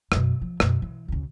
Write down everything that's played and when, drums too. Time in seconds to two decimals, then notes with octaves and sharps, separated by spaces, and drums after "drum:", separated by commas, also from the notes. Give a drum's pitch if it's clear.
0.12 F#2 B2, drum: rim click
0.41 F3
0.60 F#2 B2, drum: rim click
0.82 E3
1.08 D2 C#3